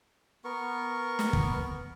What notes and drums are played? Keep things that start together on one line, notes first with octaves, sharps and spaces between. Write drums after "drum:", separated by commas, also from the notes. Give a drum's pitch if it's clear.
B3 A#4 C#6
drum: snare
drum: kick